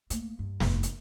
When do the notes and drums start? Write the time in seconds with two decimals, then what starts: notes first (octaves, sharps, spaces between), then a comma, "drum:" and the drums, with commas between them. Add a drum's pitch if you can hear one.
0.10 A3 A#3, drum: hi-hat
0.39 G2
0.60 F1 G2, drum: snare
0.83 drum: hi-hat